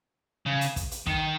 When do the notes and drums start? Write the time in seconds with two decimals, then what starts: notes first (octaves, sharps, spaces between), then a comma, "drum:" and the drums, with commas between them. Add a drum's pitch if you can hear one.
0.46 C#3
0.61 drum: hi-hat
0.76 drum: kick, hi-hat
0.91 drum: hi-hat
1.07 D#3, drum: kick